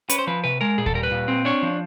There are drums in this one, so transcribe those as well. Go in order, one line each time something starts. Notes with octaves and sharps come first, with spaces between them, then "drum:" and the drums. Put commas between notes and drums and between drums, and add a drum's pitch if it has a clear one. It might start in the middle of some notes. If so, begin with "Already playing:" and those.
C#4 B4, drum: hi-hat
C5
F3 B4
C3 B4
G#3 A#4
A#2 G#4
A4, drum: kick D#2
G3 A#4
B4
A#2
C4
D4 C#5
F3